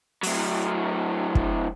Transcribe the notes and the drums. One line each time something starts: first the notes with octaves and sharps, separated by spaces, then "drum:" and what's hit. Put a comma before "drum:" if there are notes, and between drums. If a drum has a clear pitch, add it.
A2 F#3, drum: open hi-hat
drum: kick